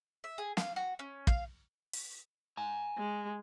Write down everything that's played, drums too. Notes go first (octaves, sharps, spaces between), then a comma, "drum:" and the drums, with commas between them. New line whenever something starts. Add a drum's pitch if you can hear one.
E5
G#4
F5, drum: snare
F#4
C#4
F5, drum: kick
drum: open hi-hat
G#5 A#5
G#3